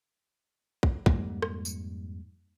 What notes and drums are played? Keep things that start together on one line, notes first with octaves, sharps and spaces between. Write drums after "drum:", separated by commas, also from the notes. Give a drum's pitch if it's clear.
drum: kick
F2 G#2 G3 A#3, drum: kick
drum: rim click
drum: tambourine